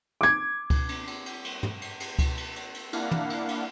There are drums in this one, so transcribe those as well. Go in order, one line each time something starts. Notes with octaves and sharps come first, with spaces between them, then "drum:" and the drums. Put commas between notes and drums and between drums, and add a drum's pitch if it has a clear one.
D6 G#6
drum: kick C#2, cymbal
drum: cymbal
drum: cymbal
drum: cymbal
drum: cymbal
drum: tom
drum: cymbal
drum: cymbal
drum: kick C#2, cymbal
drum: cymbal
drum: cymbal
drum: cymbal
A#3 D4 E4 F5 F#5, drum: cymbal
drum: tom
drum: cymbal
drum: cymbal